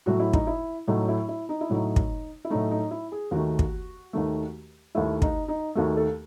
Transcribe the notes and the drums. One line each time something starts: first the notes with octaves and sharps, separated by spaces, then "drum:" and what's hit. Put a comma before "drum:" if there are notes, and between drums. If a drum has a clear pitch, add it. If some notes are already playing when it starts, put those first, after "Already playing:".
A2 F#3 A3 F#4
E4
D#4, drum: kick
E4
A2 F#3 A3 D#4
E4
E4
D#4
E4
A2 F#3 A3 D#4
drum: kick
E4
A2 F#3 A3 D#4
D#4
E4
G#4
D#2 D#3 A3 F#4
drum: kick
D#2 D#3 A3
D#2 D#3 A3 E4
D#4, drum: kick
D#4
D#2 D#3 A3 F#4
A4